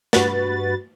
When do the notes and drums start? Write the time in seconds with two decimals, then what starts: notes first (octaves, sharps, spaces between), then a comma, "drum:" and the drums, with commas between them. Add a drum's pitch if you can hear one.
0.13 G2 F#4 B4 A6, drum: snare